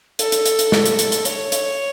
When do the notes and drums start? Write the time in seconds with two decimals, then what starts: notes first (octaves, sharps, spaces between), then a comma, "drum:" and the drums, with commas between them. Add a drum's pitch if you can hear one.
0.19 A4, drum: hi-hat
0.32 drum: hi-hat
0.46 drum: hi-hat
0.59 drum: hi-hat
0.72 drum: snare
0.85 drum: hi-hat
0.99 drum: hi-hat
1.12 drum: hi-hat
1.25 C#5, drum: hi-hat
1.52 drum: hi-hat